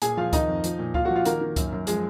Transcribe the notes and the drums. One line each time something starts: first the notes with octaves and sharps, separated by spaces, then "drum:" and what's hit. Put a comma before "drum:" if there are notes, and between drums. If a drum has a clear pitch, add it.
A#2 G#4 G#5, drum: hi-hat
F3 F4 F5
D#3 D#4 D#5, drum: kick C#2, hi-hat
F2
F3, drum: hi-hat
A#2
A#2 F4 F5, drum: kick C#2
F#4 F#5
F3
F4 F5
D#3 A#3 A#4, drum: hi-hat
D#3
F#2, drum: kick C#2, hi-hat
F#2
F3 G#3 G#4, drum: hi-hat